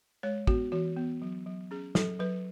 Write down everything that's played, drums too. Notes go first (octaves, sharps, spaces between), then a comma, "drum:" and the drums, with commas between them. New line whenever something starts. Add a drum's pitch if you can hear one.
G#3 C#5
B3 F#4, drum: kick
E3 F#4
B3
F#3
F#3
C#4 G#4
F#3 A4, drum: snare
F#3 B4